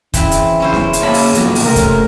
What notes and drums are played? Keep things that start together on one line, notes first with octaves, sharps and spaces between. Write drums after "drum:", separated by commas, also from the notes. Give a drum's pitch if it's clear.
C#3 E3 C4 B4, drum: kick, hi-hat
drum: hi-hat
C#4 E4 C5
drum: snare
drum: hi-hat
A#3 C#5 F5 A5 B5
drum: open hi-hat
B1 E3 F3 A#3, drum: hi-hat
drum: open hi-hat
C3 A3 A#4
drum: kick, hi-hat